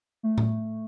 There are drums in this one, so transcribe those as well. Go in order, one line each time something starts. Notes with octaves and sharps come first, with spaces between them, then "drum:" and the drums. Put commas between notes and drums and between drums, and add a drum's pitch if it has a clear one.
A3
drum: tom A2